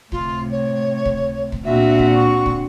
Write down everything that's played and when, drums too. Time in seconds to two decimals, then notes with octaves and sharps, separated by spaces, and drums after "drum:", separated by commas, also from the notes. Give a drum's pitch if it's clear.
0.12 A2 C3 F4, drum: kick
0.51 C#5
1.05 drum: kick
1.52 drum: kick
1.65 A#2 C4 D4 F#4 E5 F#5
1.99 drum: kick
2.15 C#6
2.46 drum: kick